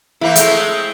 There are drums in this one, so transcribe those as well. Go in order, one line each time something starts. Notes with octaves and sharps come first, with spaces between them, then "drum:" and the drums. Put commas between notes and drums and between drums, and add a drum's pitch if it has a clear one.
E3 A#3 C4 E4
G#3 A3 C4, drum: hi-hat